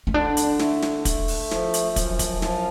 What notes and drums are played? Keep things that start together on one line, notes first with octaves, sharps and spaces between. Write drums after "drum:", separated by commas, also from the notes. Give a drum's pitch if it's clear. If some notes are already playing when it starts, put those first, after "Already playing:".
C#4
D3 D4
drum: hi-hat
A3, drum: snare
drum: snare
A3, drum: kick, hi-hat
drum: open hi-hat
F3, drum: snare
drum: hi-hat
F#2, drum: kick, hi-hat
drum: kick, hi-hat
F3, drum: snare